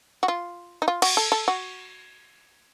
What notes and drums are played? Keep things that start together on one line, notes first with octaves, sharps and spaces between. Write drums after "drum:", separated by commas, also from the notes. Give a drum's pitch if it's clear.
F#4
F4
D#4
F4
F#4, drum: cymbal
A4
A4
F#4